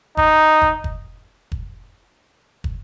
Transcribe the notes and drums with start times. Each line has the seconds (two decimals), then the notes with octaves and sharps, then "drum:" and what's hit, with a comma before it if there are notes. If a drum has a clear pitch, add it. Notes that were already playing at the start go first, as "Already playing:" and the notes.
0.17 D#4, drum: kick
0.62 drum: kick
0.84 drum: kick
1.52 drum: kick
2.64 drum: kick